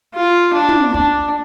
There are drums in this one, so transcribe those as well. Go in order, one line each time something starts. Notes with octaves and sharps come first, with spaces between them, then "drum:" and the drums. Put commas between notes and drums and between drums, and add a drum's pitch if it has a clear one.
F4
D4
drum: tom
D4, drum: kick